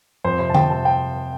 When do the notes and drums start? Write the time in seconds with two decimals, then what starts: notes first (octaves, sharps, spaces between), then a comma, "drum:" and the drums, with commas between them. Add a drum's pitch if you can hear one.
0.24 F2 C5
0.39 C3 C5
0.49 A5
0.54 C3 G5, drum: tom D3
0.70 C3 A5
0.85 C3 G5